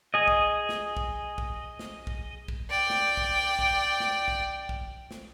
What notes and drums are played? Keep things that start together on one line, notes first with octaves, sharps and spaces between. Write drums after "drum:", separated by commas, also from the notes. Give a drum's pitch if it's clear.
G#4 D#5
drum: kick
drum: snare
drum: kick
drum: kick
drum: snare
drum: kick
drum: kick
D5 G5
drum: snare
drum: kick
drum: kick
drum: snare
drum: kick
drum: kick
drum: snare